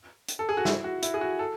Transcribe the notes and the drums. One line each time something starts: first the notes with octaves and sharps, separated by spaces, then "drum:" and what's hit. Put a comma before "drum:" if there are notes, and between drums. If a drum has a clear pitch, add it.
drum: hi-hat
A4
G#4
F#4
E4, drum: snare
F#4
E4, drum: hi-hat
G#4
F#4
A4